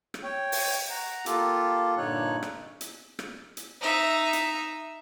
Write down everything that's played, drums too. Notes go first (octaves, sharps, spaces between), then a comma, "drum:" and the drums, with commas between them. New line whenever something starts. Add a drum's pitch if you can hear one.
drum: rim click
C#5 G5
drum: open hi-hat
F#5 A#5
A#3 F4 G4 A4, drum: hi-hat
G2 A#2 D3 D#4 C#5 F#6
drum: rim click
drum: hi-hat
drum: rim click
drum: hi-hat
D#4 E5
drum: hi-hat